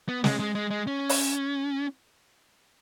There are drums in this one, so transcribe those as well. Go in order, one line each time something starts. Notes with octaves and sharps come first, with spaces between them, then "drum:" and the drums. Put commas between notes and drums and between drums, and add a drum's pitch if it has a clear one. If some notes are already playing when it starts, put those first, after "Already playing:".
B3
G#3, drum: snare
G#3
G#3
G#3
C#4
drum: open hi-hat